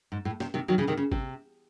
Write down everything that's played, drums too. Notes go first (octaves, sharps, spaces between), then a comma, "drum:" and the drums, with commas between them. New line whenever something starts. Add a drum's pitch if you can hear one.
G#2
A2
C3, drum: snare
C3 D#3
D#3 F#3
C#3 E3
C3 D#3
C#3
C3, drum: kick G#1